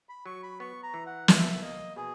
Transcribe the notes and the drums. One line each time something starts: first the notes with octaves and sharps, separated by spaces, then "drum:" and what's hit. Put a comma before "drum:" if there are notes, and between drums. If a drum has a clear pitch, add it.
B5
F#3 C#6
B5
B3 C#6
A#5
E3
F#5
A#3 E5, drum: snare
A#3 D#5
B2 G#4